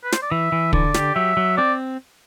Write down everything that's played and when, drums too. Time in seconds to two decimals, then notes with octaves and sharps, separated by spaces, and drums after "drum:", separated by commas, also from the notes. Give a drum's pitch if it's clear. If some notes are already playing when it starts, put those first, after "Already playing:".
0.04 B4
0.12 C5, drum: snare
0.22 D5
0.31 E3 E5
0.52 E3
0.73 D3 D5, drum: kick
0.94 G4, drum: snare
1.15 F#3 E5
1.37 F#3
1.57 C4 D5